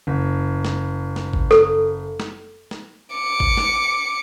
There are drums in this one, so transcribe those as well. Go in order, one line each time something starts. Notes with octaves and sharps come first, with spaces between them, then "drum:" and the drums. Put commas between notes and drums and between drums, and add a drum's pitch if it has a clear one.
F#1
drum: snare
drum: snare
drum: kick G#1
A4, drum: snare
drum: snare
drum: snare
D6 C#7
drum: kick G#1
drum: snare